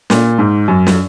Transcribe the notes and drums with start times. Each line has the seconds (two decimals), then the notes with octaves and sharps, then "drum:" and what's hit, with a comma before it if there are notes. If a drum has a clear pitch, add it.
0.10 A#2, drum: snare
0.39 G#2
0.68 F#2
0.87 drum: snare